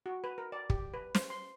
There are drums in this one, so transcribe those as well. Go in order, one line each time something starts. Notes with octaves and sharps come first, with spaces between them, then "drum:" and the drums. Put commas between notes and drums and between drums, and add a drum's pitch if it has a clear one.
F#4
B4
A#4
D5
G4, drum: kick
B4
C5, drum: snare
C6